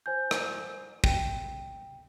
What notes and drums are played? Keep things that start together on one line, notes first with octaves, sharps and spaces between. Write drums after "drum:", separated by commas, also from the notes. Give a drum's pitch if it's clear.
C5 G#5 G6
drum: rim click
G5, drum: kick